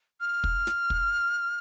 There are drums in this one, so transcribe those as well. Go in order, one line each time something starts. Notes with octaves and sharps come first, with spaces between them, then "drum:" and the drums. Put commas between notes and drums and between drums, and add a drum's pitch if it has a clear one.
F6
drum: kick
drum: snare
drum: kick